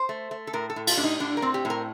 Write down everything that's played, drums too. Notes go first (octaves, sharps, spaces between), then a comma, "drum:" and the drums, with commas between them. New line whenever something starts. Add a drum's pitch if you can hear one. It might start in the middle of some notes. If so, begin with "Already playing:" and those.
Already playing: C5
A3
A3
A4
A2 A#4
A4
A2
F4, drum: cymbal
A2 D4
D#4
A2 D4
A#4
C4
G4
A2
A#4